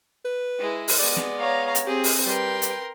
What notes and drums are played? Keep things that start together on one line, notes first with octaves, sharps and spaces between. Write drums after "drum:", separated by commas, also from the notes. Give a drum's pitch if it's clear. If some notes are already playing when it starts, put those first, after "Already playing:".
B4
G#3 E4
drum: open hi-hat
G#3 B3 D5
drum: snare
C#5 F5 A#5
drum: hi-hat
C4 G4 G#4
drum: open hi-hat
G3 A#4 B4 G5 C6
drum: hi-hat